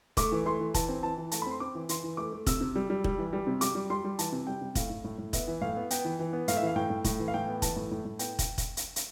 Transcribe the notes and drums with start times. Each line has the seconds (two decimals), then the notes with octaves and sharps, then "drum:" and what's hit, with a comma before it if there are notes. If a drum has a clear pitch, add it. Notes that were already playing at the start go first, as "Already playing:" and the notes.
0.17 A3 D6, drum: kick, hi-hat
0.32 E3
0.45 A3 C6
0.60 E3
0.74 E3 A5, drum: kick, hi-hat
0.89 C4
1.03 E3 A5
1.17 E3
1.31 A3 A5, drum: hi-hat
1.42 B5
1.46 C4 C6
1.60 C4 D6
1.75 E3
1.89 E3 C6, drum: hi-hat
2.03 E3
2.17 A3 D6
2.32 A3
2.47 C3 E6, drum: kick, hi-hat
2.61 C3
2.76 G3
2.90 G3
3.04 G3, drum: kick
3.18 E3
3.33 G3
3.47 C3
3.61 G3 D6, drum: hi-hat
3.75 G3
3.90 G3 C6
4.04 G3
4.19 E3 A5, drum: hi-hat
4.32 C3
4.47 G3 G5
4.61 C3
4.75 A2 F5, drum: kick, hi-hat
4.90 A2
5.04 A2
5.18 A2
5.33 B3 E5, drum: kick, hi-hat
5.47 E3
5.61 A2 F5
5.76 B3
5.90 B3 G5, drum: hi-hat
6.04 E3
6.19 E3
6.33 B3
6.48 A2 F5, drum: hi-hat
6.57 E5
6.62 E3 F5
6.76 A2 G5
6.90 A2
7.04 A2, drum: kick, hi-hat
7.19 E3
7.28 F5
7.34 A2 G5
7.48 B3
7.62 E3 A5, drum: kick, hi-hat
7.76 A2
7.91 A2
8.05 A2
8.19 B3 G5, drum: hi-hat
8.39 drum: kick, hi-hat
8.58 drum: kick, hi-hat
8.77 drum: hi-hat
8.96 drum: hi-hat